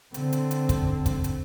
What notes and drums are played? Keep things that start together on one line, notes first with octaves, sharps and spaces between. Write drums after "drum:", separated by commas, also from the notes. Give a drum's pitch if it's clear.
D3 C4, drum: hi-hat
drum: hi-hat
drum: hi-hat
drum: kick, hi-hat
drum: kick, hi-hat
drum: hi-hat